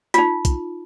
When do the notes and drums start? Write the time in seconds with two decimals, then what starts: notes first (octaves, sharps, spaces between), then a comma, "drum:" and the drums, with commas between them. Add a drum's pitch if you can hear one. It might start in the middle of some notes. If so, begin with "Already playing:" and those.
0.14 D#4 F4, drum: hi-hat
0.45 drum: kick, hi-hat